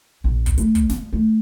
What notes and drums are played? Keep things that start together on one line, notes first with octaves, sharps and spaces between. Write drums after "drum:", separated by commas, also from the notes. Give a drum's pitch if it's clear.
A#1
drum: kick, hi-hat
A3, drum: hi-hat
drum: kick, hi-hat
F3, drum: snare
A3